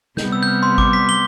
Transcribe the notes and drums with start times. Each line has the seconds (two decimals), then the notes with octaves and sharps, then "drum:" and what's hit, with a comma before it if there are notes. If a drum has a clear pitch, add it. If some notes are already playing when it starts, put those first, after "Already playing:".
0.17 C3 G3 B3 G6, drum: snare
0.32 E6
0.43 G6
0.47 F6
0.63 C6
0.78 D6, drum: kick G#1
0.93 B6
1.09 G7